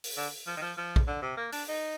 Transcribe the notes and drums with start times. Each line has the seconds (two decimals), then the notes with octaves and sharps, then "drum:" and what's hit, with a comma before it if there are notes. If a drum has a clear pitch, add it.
0.04 drum: open hi-hat
0.16 D3
0.47 F3
0.57 D#3
0.61 F3
0.77 F3
0.96 drum: kick
1.07 D3
1.22 C3
1.37 A#3
1.52 D4, drum: open hi-hat
1.68 D#4